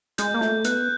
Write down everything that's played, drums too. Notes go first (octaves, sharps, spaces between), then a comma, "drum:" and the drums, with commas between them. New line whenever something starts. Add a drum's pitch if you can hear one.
G#3 G6, drum: hi-hat
A#3
A3 G6, drum: snare
B3 F#6, drum: hi-hat